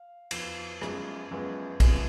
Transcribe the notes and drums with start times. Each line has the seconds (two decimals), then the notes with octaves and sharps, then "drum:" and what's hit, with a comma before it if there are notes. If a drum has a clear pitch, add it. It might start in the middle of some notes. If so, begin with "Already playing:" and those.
Already playing: F5
0.31 F2 F3 B3, drum: cymbal
0.82 F#2 F3 G#3 B3 G#4 B4, drum: rim click
1.31 F#2 F3 G#3 B3
1.80 F#2 F3 G#3 B3 G#4, drum: kick, cymbal